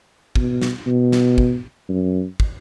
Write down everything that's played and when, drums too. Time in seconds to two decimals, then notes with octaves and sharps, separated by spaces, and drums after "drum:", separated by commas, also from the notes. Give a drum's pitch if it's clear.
0.36 B2, drum: kick
0.62 drum: snare
0.86 B2
1.12 drum: snare
1.38 drum: kick
1.89 F#2
2.40 drum: kick